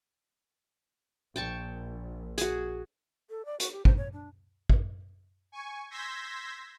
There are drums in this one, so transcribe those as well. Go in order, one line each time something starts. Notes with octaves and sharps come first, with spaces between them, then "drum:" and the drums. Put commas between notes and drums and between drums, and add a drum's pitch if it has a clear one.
A#1 G5 A5 C#6
F#4 G#4, drum: hi-hat
A4
D5
F#4, drum: hi-hat
G4
C5, drum: kick
C#5
D4
drum: kick
G#5 C#6
C6 E6 G6 G#6 A#6 B6